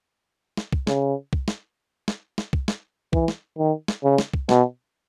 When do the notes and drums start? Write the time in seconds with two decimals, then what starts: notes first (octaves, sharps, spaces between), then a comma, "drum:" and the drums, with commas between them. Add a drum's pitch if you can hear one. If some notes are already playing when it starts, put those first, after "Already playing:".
0.57 drum: snare
0.72 drum: kick
0.87 C#3, drum: snare
1.33 drum: kick
1.48 drum: snare
2.08 drum: snare
2.38 drum: snare
2.53 drum: kick
2.68 drum: snare
3.13 E3, drum: kick
3.28 drum: snare
3.58 D#3
3.88 drum: snare
4.03 C#3
4.18 drum: snare
4.34 drum: kick
4.49 B2, drum: snare